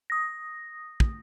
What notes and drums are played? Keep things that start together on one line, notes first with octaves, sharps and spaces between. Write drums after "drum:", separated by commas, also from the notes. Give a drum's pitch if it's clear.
D#6 A#6
drum: kick